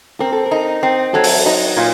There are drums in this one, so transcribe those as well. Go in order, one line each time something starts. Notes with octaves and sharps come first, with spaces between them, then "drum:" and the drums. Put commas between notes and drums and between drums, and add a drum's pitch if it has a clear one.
C4 A#4
A4
A#4
D#4
C4
F#3 A4
drum: open hi-hat
D#4 F#4
A#2 F4